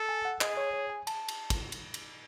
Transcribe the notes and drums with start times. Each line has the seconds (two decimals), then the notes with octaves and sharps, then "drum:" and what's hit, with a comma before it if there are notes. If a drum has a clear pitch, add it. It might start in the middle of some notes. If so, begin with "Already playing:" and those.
Already playing: A4
0.09 G#5
0.25 F#5
0.41 G#4 D#5, drum: clap
0.57 C#5
0.74 C#5
0.90 G#5
1.07 A5, drum: cymbal
1.28 drum: cymbal
1.50 drum: kick, cymbal
1.72 drum: cymbal
1.94 drum: cymbal